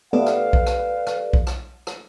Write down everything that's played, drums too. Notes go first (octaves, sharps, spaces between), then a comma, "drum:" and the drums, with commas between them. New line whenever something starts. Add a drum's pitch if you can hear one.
A3 B3 G4 A4 B4 D5 F5
drum: rim click
drum: kick B1
drum: rim click
drum: rim click
drum: kick B1
drum: rim click
drum: rim click